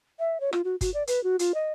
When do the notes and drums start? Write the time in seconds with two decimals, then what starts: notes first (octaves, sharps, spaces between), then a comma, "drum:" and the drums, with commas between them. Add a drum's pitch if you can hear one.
0.19 E5
0.40 C#5
0.53 F4, drum: rim click
0.64 F#4
0.81 F#4, drum: kick, hi-hat
0.94 D5
1.07 B4, drum: hi-hat
1.24 F#4
1.39 F4, drum: hi-hat
1.54 D#5